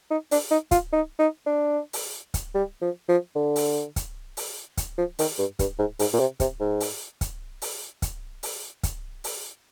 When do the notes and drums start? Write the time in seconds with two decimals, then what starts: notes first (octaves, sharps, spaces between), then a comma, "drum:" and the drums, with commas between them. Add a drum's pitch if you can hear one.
0.11 D#4
0.31 D4, drum: open hi-hat
0.51 D#4
0.71 F4, drum: kick, hi-hat
0.92 D#4
1.19 D#4
1.46 D4
1.93 drum: open hi-hat
2.34 drum: kick, hi-hat
2.54 G3
2.81 F3
3.08 F3
3.35 D3
3.56 drum: open hi-hat
3.96 drum: kick, hi-hat
4.37 drum: open hi-hat
4.77 drum: kick, hi-hat
4.98 F3
5.19 D#3, drum: open hi-hat
5.38 G2
5.59 G2, drum: kick, hi-hat
5.79 G#2
5.99 G#2, drum: open hi-hat
6.14 A#2
6.19 C3
6.40 C3, drum: kick, hi-hat
6.60 G#2
6.80 drum: open hi-hat
7.21 drum: kick, hi-hat
7.62 drum: open hi-hat
8.02 drum: kick, hi-hat
8.43 drum: open hi-hat
8.83 drum: kick, hi-hat
9.24 drum: open hi-hat